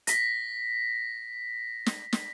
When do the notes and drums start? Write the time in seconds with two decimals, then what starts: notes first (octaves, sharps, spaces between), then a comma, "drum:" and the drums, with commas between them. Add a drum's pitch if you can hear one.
0.07 A#6 B6, drum: hi-hat
1.86 drum: snare
2.13 drum: snare